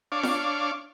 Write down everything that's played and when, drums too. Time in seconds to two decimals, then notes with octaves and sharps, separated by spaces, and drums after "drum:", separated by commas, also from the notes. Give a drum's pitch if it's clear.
0.12 D4 C#5 F5 D6
0.23 drum: snare F4